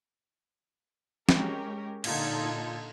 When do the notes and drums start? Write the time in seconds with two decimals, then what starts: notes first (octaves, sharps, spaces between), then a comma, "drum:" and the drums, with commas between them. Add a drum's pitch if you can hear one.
1.29 G#3 C#4 G4 A#4, drum: snare
2.04 A#2 D3 D#4 F4 A4 G#6, drum: cymbal